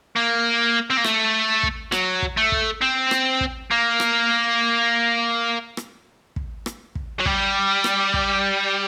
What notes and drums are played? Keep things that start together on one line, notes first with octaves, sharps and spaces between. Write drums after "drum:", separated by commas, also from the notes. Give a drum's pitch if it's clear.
A#3
C4
A#3
A3, drum: rim click
drum: kick
F#3, drum: rim click
drum: kick
A3
drum: kick
C4
drum: rim click
drum: kick
A#3
drum: rim click
drum: rim click
drum: kick
drum: rim click
drum: kick
F#3
G3, drum: kick
drum: rim click
drum: kick